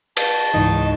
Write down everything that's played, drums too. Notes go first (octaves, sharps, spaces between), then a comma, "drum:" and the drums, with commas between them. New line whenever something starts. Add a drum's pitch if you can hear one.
A5, drum: cymbal
C#2 G#2 E3 D#4